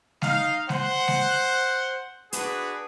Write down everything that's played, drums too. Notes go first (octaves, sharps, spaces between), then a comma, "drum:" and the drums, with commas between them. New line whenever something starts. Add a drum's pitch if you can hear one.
D#4 F5, drum: snare G#3
C5 F#5, drum: snare G#3
drum: snare G#3
D4 F#4 G#4 B4, drum: hi-hat